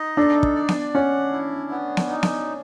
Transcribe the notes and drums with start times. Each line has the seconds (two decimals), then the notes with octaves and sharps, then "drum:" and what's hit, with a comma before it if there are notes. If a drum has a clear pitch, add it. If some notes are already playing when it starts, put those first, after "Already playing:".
Already playing: D#4 D#5
0.17 D4 A4
0.43 drum: kick
0.55 D5
0.69 drum: snare B3
0.94 C#4 F#5
1.32 E4
1.71 B3
1.97 drum: snare B3
2.09 D#4
2.23 drum: snare B3